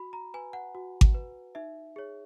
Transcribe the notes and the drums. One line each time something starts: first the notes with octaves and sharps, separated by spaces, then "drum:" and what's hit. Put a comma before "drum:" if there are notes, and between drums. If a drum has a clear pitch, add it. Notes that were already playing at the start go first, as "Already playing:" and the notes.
Already playing: F#4 B5
A#5
B4 G#5
F#5
F#4
drum: kick G#1
B4
D#4 E5
G#4 C#5